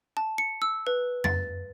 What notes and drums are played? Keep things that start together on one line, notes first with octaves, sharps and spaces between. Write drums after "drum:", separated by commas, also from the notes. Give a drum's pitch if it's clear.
A5
C#7
E6
B4
A6, drum: tom F2